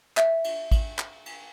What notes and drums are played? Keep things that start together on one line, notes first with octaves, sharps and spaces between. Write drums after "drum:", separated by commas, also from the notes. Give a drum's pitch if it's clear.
E5, drum: clap
drum: cymbal
drum: kick, cymbal
drum: clap
drum: cymbal